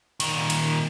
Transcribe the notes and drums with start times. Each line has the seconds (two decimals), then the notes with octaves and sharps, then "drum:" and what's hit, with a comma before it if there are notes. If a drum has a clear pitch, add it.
0.20 A#2 D#3, drum: cymbal
0.50 drum: cymbal